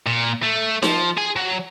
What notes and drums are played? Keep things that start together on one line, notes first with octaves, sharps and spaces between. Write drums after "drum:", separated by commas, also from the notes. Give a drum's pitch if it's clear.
A#2
A3
F3, drum: snare D#4
G#4 G#5
F#3